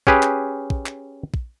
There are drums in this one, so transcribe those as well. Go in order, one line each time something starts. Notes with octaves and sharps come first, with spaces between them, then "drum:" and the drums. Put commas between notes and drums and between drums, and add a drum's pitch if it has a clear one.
C#4 G4 G#4 B4, drum: kick
drum: clap
drum: kick
drum: clap
drum: kick